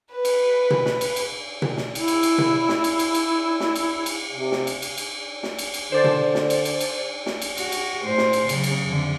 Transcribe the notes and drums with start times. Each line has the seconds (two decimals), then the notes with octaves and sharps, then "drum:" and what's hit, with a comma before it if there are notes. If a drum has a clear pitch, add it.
0.12 B4
0.25 drum: cymbal
0.70 drum: tom B2
0.86 drum: snare
1.01 drum: cymbal
1.16 drum: cymbal
1.62 drum: tom B2
1.77 drum: snare
1.95 E4, drum: cymbal
2.08 drum: cymbal
2.23 drum: cymbal
2.38 drum: tom B2
2.69 drum: snare
2.84 drum: cymbal
2.99 drum: cymbal
3.14 drum: cymbal
3.60 drum: snare
3.75 drum: cymbal
4.06 drum: cymbal
4.32 C3
4.52 drum: snare
4.67 drum: cymbal
4.82 drum: cymbal
4.97 drum: cymbal
5.43 drum: snare
5.58 drum: cymbal
5.74 drum: cymbal
5.92 D3 C5 D5 A5
6.04 drum: tom B2
6.35 drum: snare
6.50 drum: cymbal
6.65 drum: cymbal
6.81 drum: cymbal
7.26 drum: snare
7.42 drum: cymbal
7.57 F#4, drum: cymbal
7.72 drum: cymbal
8.03 A2 C5
8.18 drum: snare
8.33 drum: cymbal
8.49 C#3 F#3, drum: cymbal
8.64 drum: cymbal
8.85 F2 D3